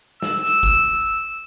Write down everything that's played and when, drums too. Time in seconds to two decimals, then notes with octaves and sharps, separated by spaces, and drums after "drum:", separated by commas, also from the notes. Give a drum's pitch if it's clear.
0.22 E6, drum: snare
0.46 drum: hi-hat
0.63 drum: kick